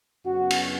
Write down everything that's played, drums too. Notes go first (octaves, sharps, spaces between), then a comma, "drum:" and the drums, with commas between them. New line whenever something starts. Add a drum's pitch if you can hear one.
F#2 C#3 B3 F#4
drum: cymbal